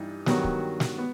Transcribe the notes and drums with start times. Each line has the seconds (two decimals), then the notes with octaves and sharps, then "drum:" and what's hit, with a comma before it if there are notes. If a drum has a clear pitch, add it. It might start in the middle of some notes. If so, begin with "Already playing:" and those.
Already playing: G2 E3 G3 D#4
0.26 G2 D#3 F#3 B3 F#4, drum: snare
0.44 drum: kick
0.80 drum: snare
0.98 B3